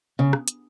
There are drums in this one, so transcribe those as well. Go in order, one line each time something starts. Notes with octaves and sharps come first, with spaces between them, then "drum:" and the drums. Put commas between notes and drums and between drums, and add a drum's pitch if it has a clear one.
C#3
drum: rim click
drum: hi-hat